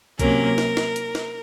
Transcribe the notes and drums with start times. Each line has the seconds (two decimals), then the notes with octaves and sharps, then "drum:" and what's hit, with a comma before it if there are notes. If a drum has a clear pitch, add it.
0.19 C3 F#3 A#3 C#4 A#4, drum: kick, hi-hat
0.58 drum: snare
0.77 drum: snare
0.96 drum: hi-hat
1.15 drum: snare